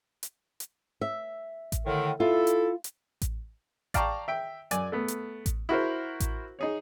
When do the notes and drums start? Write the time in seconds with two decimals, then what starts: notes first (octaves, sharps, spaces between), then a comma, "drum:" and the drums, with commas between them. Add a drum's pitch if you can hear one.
0.23 drum: hi-hat
0.60 drum: hi-hat
1.01 E5
1.72 drum: kick A1, hi-hat
1.86 A2 D3 D#3
2.20 E4 F4 A4
2.47 drum: hi-hat
2.84 drum: hi-hat
3.22 drum: kick A1, hi-hat
3.94 D5 F5 G5 A5 A#5 C#6, drum: kick A1, hi-hat
4.28 E5 G5
4.71 F#2 D5 G#5, drum: hi-hat
4.92 A3 B3
5.08 drum: hi-hat
5.46 drum: kick A1, hi-hat
5.69 E4 F#4 A#4 C5
6.20 drum: kick A1, hi-hat
6.59 D#4 G#4 C#5